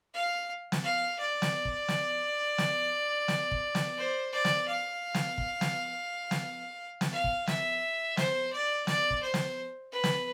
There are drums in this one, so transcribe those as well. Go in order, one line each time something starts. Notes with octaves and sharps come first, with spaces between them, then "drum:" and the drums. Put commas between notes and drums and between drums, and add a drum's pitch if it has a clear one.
F5
drum: snare
F5
D5
drum: snare
drum: kick
drum: snare
drum: snare
drum: snare
drum: kick
drum: snare
C5
D5
drum: snare
F5
drum: snare
drum: kick
drum: snare
drum: snare
drum: snare
F5
drum: kick
E5, drum: snare
C5, drum: snare
D5
D5, drum: snare
drum: kick
C5
drum: snare
B4
drum: snare